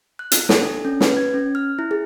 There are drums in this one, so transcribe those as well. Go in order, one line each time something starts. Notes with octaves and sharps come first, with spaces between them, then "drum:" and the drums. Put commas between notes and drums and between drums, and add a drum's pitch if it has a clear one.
F#6
drum: hi-hat
A4, drum: snare
D4
C#4
B4, drum: snare
G#6
C#4
F6
E4
G#4